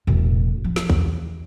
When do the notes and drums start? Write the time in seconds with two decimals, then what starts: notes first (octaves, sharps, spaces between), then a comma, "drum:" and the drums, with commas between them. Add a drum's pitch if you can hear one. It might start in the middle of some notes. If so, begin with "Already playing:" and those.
0.07 E1 A2
0.64 F3
0.76 drum: snare
0.90 E2, drum: kick